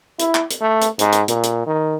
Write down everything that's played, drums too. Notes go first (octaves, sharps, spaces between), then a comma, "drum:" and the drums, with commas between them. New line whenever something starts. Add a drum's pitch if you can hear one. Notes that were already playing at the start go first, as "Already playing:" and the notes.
E4, drum: hi-hat
drum: clap
drum: hi-hat
A3
drum: hi-hat
G#2, drum: hi-hat
drum: hi-hat
A#2, drum: hi-hat
drum: hi-hat
D#3